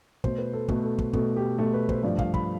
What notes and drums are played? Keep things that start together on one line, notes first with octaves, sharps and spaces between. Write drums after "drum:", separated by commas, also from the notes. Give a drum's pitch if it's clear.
B2 A3 C5, drum: kick
B4
A4
B2 A3 B4, drum: kick
A4
drum: kick
B2 A3 A4, drum: kick
G4
B2 A3 A4
B4
C5, drum: kick
G2 F3 A3 D5
F5, drum: kick
B5, drum: kick